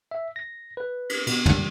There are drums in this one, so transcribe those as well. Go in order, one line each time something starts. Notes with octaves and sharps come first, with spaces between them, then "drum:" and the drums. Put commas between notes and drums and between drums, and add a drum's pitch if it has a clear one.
E5
A#6
B4
drum: cymbal
B2, drum: cymbal
G3, drum: tom